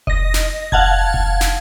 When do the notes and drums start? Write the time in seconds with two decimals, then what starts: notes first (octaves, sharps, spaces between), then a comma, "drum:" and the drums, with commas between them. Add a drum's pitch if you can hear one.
0.07 D#5 A#6, drum: kick F1
0.34 drum: snare
0.72 F5 F#5 A5 G#6, drum: kick F1
1.14 drum: kick F1
1.41 drum: snare